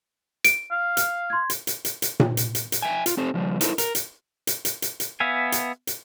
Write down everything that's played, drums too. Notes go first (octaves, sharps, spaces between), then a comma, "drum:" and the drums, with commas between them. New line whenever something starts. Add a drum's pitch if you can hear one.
D7, drum: hi-hat
F5
F6, drum: hi-hat
C6 G#6
drum: hi-hat
drum: hi-hat
drum: hi-hat
drum: hi-hat
drum: tom A#2
drum: hi-hat
drum: hi-hat
drum: hi-hat
E5 G5 G#5
F4, drum: hi-hat
C4 G4 A4 C5
C#3 F3 G3
D#4 E4 A4 A#4 C5, drum: hi-hat
A#4, drum: hi-hat
drum: hi-hat
drum: hi-hat
drum: hi-hat
drum: hi-hat
drum: hi-hat
B3 E5 F5 G#5
drum: hi-hat
drum: hi-hat